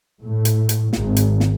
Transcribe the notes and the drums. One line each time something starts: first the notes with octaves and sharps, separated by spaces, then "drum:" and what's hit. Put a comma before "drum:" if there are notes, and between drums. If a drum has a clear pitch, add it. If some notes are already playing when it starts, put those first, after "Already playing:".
A2
drum: hi-hat
drum: hi-hat
G#1, drum: snare
drum: hi-hat
drum: snare